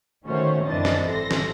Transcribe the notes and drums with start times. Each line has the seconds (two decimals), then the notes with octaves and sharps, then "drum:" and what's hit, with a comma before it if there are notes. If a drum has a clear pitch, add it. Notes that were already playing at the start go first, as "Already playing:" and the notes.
0.25 D#3 A3 C#4 F#4 C5 C#5
0.66 F#2 E3 C4 D4 D#5 A6
0.85 drum: snare
1.08 G#1 A4 C6 A#6
1.31 drum: snare